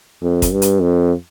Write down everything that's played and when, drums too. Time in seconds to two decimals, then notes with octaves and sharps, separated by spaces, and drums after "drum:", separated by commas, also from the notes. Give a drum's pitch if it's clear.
0.22 F2
0.42 drum: kick, hi-hat
0.52 G2
0.62 drum: hi-hat
0.81 F2